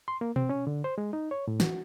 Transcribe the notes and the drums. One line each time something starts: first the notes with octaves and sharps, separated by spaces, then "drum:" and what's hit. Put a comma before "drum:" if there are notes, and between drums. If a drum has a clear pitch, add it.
C6
A#3
C4, drum: tom B2
C#4
D3
C5
G#3
D#4
C#5
A2
F#4, drum: snare